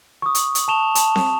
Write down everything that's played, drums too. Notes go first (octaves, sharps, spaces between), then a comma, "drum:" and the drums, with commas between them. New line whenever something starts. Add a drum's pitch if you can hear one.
C#6 D#6
drum: hi-hat
drum: hi-hat
A5 C#6 E7 F7 G7
A5, drum: hi-hat
drum: snare C4